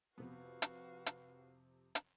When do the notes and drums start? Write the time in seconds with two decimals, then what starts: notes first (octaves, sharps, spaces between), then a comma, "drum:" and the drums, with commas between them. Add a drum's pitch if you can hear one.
0.18 F2 C3 B3 F#4 B4 F5
0.62 drum: hi-hat
1.06 drum: hi-hat
1.95 drum: hi-hat